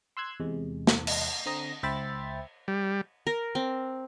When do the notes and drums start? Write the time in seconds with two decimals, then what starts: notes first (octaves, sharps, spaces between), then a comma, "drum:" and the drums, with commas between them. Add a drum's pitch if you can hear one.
0.17 C6 E6 F#6 G#6
0.40 E2 C3 G#3
0.87 drum: snare
1.07 drum: cymbal
1.46 D3 C4 A#5 D#6 A#6
1.83 C#2 C5 E5 G5 B5 A6
2.68 G3
3.27 A#4
3.55 C4